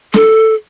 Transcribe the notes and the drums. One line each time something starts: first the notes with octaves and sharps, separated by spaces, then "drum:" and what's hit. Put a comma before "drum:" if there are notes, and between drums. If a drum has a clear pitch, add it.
A4, drum: snare